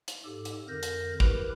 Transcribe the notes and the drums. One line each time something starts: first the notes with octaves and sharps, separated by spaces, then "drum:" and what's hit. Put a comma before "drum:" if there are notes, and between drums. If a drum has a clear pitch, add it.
drum: hi-hat
G#2 G4 A4
drum: hi-hat
F2 D3 A#4 G6 A#6
drum: hi-hat
E4 G4 A#4 B4, drum: kick